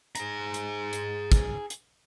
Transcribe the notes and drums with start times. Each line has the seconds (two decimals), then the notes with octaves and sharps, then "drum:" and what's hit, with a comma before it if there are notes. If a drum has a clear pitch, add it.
0.15 G#4 A#5, drum: hi-hat
0.54 drum: hi-hat
0.93 drum: hi-hat
1.32 drum: kick, hi-hat
1.70 drum: hi-hat